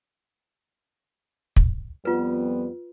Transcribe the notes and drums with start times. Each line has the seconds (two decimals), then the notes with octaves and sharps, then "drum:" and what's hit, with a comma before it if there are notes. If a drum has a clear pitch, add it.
1.56 drum: kick
2.05 F2 G3 B3 F4 B4